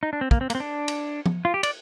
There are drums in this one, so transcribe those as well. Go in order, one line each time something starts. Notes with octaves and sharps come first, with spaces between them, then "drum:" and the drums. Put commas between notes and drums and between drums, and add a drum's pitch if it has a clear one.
D#4
D4
C4
A#3, drum: kick
C4
A#3, drum: cymbal
C4
D4
drum: cymbal
drum: tom
F4
G4
D5, drum: cymbal